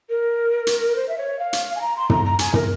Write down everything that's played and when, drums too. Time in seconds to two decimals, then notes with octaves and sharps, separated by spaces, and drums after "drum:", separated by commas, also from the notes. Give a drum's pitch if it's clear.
0.09 A#4
0.67 drum: hi-hat
0.95 C5
1.08 E5
1.17 C#5
1.39 F5
1.53 drum: hi-hat
1.75 G#5
1.81 A#5
1.96 C6
2.10 A#5, drum: tom
2.25 A#5
2.39 G#5, drum: hi-hat
2.54 A#4, drum: tom